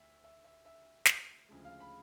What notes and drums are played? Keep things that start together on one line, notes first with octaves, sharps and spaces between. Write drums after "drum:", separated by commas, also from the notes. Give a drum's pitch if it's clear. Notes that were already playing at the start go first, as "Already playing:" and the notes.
Already playing: D2 E5
E5
E5
E5
drum: snare
D2 C#3 F3 G#3
F5
B5